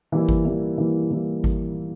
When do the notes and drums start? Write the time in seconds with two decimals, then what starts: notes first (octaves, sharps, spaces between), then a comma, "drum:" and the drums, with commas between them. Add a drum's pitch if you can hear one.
0.12 E3 G3 A#3 E4
0.29 drum: kick G#1
0.45 E3 G3 A#3 E4
0.78 E3 G3 A#3 E4
1.11 E3 G3 A#3 E4
1.44 drum: kick G#1